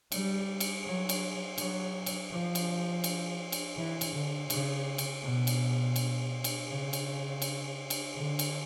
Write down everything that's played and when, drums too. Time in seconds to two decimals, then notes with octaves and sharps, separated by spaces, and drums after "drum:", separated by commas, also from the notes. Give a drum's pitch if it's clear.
0.12 G3, drum: cymbal
0.60 drum: cymbal
0.85 F#3
1.09 drum: cymbal
1.58 F#3, drum: cymbal
2.06 drum: cymbal
2.31 F3
2.55 drum: cymbal
3.04 drum: cymbal
3.52 drum: cymbal
3.77 E3
4.01 drum: cymbal
4.14 D3
4.50 C#3, drum: cymbal
4.98 drum: cymbal
5.23 B2
5.47 drum: cymbal
5.96 drum: cymbal
6.44 drum: cymbal
6.68 C#3
6.93 drum: cymbal
7.42 drum: cymbal
7.90 drum: cymbal
8.15 D3
8.39 drum: cymbal